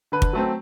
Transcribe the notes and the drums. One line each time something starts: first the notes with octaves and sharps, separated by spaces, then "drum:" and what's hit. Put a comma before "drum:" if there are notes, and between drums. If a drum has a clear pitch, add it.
D3 B4
drum: kick
F#3 A3 C4